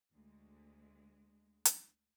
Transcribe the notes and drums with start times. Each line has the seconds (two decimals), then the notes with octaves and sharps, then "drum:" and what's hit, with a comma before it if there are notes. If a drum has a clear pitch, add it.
0.12 D2 G#3
1.65 drum: hi-hat